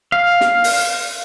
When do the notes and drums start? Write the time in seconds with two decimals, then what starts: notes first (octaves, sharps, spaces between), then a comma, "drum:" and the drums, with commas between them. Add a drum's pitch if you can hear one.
0.12 F5
0.41 drum: snare
0.64 drum: open hi-hat